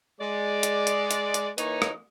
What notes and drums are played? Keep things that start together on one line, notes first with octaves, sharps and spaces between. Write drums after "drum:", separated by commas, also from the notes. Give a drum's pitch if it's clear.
G#3 D5
drum: hi-hat
drum: hi-hat
drum: hi-hat
drum: hi-hat
E3 A#3 D#4 B4 C#5, drum: hi-hat
drum: rim click